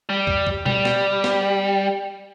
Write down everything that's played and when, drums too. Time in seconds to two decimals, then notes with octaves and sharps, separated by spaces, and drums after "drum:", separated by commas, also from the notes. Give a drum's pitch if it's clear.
0.09 G3
0.27 drum: kick
0.47 drum: kick
0.66 G3, drum: tom
0.85 drum: snare
1.24 drum: snare